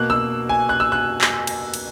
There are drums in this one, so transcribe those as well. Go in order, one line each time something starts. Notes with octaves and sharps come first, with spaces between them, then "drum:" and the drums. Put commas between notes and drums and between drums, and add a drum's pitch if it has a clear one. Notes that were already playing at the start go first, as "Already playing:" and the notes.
Already playing: B2 A#3 F#6
E6
G#5
F#6
E6
F#6
drum: clap
drum: cymbal
drum: cymbal